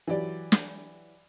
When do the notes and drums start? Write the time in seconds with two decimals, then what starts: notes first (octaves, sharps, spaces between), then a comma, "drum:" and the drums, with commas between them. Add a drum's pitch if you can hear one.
0.07 E3 F#3 G4 D5
0.52 drum: snare